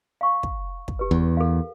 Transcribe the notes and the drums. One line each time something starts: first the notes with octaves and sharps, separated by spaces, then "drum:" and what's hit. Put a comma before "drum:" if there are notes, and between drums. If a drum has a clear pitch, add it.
F5 C#6
drum: kick
drum: kick
G4 B4
E2
A4 A#4 F5